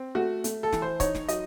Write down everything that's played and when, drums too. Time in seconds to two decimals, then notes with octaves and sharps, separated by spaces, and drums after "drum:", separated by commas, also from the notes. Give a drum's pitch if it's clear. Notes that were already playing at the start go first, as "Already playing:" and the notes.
Already playing: C4
0.15 A3 F#4
0.44 A3, drum: hi-hat
0.63 A4
0.73 E3, drum: snare
0.82 C5
1.00 D#4 C#5, drum: kick C#1, hi-hat
1.15 drum: snare
1.28 F#3 D#5, drum: hi-hat